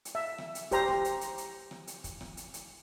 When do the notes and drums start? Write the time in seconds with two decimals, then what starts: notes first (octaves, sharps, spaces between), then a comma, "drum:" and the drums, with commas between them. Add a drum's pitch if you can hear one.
0.05 drum: hi-hat
0.15 E5
0.38 drum: rim click
0.55 drum: hi-hat
0.71 G4 C5 A#5, drum: kick, hi-hat
0.88 drum: rim click
1.05 drum: hi-hat
1.21 drum: hi-hat
1.38 drum: hi-hat
1.71 drum: rim click
1.87 drum: hi-hat
2.04 drum: kick, hi-hat
2.21 drum: rim click
2.37 drum: hi-hat
2.54 drum: hi-hat